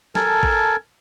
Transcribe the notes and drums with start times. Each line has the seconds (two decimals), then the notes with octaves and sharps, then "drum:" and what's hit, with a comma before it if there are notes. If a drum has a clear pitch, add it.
0.15 A4 A#4 G#5 A5, drum: snare
0.43 drum: kick A1